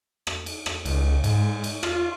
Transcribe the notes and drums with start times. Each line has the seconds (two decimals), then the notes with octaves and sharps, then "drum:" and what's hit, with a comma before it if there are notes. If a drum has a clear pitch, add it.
0.27 drum: rim click
0.46 drum: cymbal
0.66 drum: rim click
0.85 C#2, drum: cymbal
1.24 G#2, drum: cymbal
1.64 drum: cymbal
1.83 F4, drum: rim click